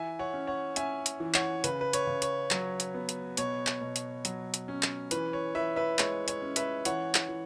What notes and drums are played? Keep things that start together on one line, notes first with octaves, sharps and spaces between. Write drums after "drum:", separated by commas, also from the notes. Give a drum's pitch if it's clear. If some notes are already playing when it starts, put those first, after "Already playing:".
Already playing: E3 E5 G#5
C#5 F#5
C#4
C#5 F#5
C#4 E5 G#5, drum: hi-hat
drum: hi-hat
E3
C#5 F#5, drum: clap
C#3 B4, drum: hi-hat
B4
C#5, drum: hi-hat
C#3
C#5, drum: hi-hat
F#3, drum: clap
drum: hi-hat
B3
drum: hi-hat
B2 C#5, drum: hi-hat
drum: clap
B2
drum: hi-hat
F#3, drum: hi-hat
drum: hi-hat
C#4
drum: clap
E3 B4, drum: hi-hat
C#5
E3 B4 E5
B4 E5
G#3 C#5, drum: clap
C#5, drum: hi-hat
C#4
B4 E5, drum: hi-hat
E3 C#5 F#5, drum: hi-hat
drum: clap
E3